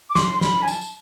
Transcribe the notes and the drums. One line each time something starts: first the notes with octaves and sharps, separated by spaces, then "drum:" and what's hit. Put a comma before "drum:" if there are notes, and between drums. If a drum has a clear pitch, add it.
D6
C6, drum: snare
C6
B5, drum: snare
G#5
A5, drum: tambourine
drum: tambourine